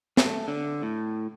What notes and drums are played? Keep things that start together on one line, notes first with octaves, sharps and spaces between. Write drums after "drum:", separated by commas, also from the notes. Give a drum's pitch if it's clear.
A3, drum: snare
D3
A2